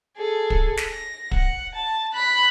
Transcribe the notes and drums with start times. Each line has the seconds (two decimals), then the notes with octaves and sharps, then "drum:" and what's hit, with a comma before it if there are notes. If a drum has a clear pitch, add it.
0.18 G#4 A4
0.50 drum: kick
0.77 drum: snare
0.88 A#6
1.31 F#5, drum: kick
1.75 A5
2.14 B5 F#6